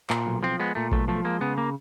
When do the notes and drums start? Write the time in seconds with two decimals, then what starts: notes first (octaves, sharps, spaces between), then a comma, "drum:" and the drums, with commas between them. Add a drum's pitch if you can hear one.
0.10 A#2, drum: clap
0.27 B1
0.43 F3 C4
0.60 G#3 B3
0.75 A#2 A3
0.92 B1 A3, drum: kick A1
1.08 F3 A3
1.25 G#3 A#3
1.41 C#3 B3
1.58 A#3